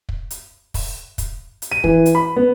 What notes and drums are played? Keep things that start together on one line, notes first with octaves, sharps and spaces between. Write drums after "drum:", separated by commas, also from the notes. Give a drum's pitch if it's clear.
drum: kick
drum: hi-hat
drum: kick, open hi-hat
drum: kick, hi-hat
drum: hi-hat
D#7
E3, drum: kick
drum: hi-hat
B5
B3